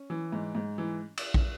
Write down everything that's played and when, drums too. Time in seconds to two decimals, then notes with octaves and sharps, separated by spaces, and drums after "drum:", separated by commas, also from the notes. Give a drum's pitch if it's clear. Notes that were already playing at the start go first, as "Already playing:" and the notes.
Already playing: C#4
0.10 E3
0.32 G#2
0.55 G#2
0.78 E3
1.17 drum: cymbal
1.34 drum: kick